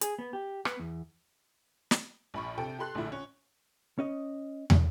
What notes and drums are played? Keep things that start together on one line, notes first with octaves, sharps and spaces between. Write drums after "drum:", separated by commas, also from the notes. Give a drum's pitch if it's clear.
G#4, drum: hi-hat
B3
G4
B3, drum: rim click
E2
drum: snare
A#1 B5 C#6
C3 A4 G5
G4 A4 C6 F#6
A#1 A2 D3 E4
C#4
C#4 D#5
drum: tom